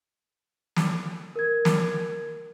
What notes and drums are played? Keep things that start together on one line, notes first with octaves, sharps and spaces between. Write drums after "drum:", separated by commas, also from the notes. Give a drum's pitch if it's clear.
drum: snare
A#4 G#6
drum: snare